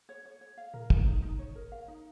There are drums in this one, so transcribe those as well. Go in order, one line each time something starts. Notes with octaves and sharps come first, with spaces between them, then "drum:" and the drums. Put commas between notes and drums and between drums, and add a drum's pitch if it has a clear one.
C#5
C#5
C#5
F5
A#2 A#4
D#4, drum: kick
D#4
D#4
C#5
A#4
F5
D#4